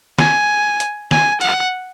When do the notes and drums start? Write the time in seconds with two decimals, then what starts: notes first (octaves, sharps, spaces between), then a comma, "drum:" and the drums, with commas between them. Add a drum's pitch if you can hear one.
0.19 G#5, drum: snare
0.80 drum: hi-hat
1.11 G#5, drum: snare
1.41 F#5, drum: hi-hat